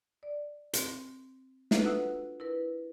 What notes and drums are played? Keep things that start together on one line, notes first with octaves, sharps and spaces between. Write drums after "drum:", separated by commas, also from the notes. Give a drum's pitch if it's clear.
D5
C4, drum: hi-hat
A#3 D4 F4 F#4 A4 B4, drum: snare
B4 E5 F#5 D#6 E6 F#6
E4 A#4 B4